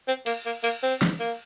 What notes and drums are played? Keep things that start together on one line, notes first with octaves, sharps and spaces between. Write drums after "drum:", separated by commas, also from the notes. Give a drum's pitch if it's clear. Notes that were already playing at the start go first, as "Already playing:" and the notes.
C4
A#3, drum: cymbal
A#3
A#3, drum: cymbal
C4
drum: snare
A#3